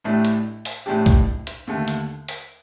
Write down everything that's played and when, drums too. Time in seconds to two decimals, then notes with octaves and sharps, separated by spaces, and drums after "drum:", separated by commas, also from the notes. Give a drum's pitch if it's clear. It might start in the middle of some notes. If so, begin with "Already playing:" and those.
0.04 A1 A2 A3 D4 G4
0.25 drum: hi-hat
0.65 drum: open hi-hat
0.86 A1 A2 A3 D4 G4
1.06 drum: kick, hi-hat
1.47 drum: hi-hat
1.67 D#2 D3 A3
1.88 drum: hi-hat
2.28 drum: open hi-hat